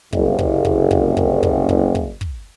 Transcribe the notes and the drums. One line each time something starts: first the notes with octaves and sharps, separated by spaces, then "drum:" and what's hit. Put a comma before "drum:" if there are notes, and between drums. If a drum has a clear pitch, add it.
F#1 C2, drum: kick
drum: kick
drum: kick
drum: kick
drum: kick
drum: kick
drum: kick
drum: kick
drum: kick